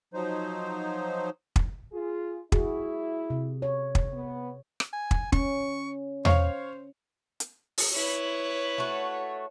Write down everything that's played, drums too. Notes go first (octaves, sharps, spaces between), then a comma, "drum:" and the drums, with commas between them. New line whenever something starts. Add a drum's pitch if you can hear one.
F3 F#3 D#4 C5
drum: kick
F4 G#4
E4 F#4 G#4, drum: kick
C3
C#5
drum: kick
B3
drum: rim click
G#5
drum: kick
C#4 C#6, drum: kick
C5 C#5 F5, drum: tom E2
drum: hi-hat
drum: open hi-hat
E4 B4 C#5
A3 F#4